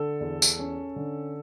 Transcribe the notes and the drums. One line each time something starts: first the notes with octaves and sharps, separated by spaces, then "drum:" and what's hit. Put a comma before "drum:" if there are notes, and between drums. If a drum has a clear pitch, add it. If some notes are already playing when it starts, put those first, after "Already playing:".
Already playing: D3 A4
E2
drum: tambourine
C#4
D3